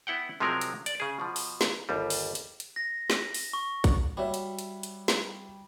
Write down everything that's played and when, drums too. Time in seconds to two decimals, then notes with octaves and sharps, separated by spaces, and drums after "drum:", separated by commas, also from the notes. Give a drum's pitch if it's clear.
0.07 B3 E4 F#5 G5
0.40 C3 F3 F#3 G#3 C4 A#4
0.61 drum: hi-hat
0.86 D5, drum: hi-hat
1.00 C#3 G#4
1.20 B2 F3
1.36 drum: open hi-hat
1.61 drum: snare
1.89 G1 D#2 G3
2.10 drum: open hi-hat
2.35 drum: hi-hat
2.60 drum: hi-hat
2.76 A#6
3.10 drum: snare
3.34 drum: open hi-hat
3.53 C#6
3.84 drum: kick, hi-hat
4.17 G3 F#4 C#5 E5
4.34 drum: hi-hat
4.59 drum: hi-hat
4.83 drum: hi-hat
5.08 drum: snare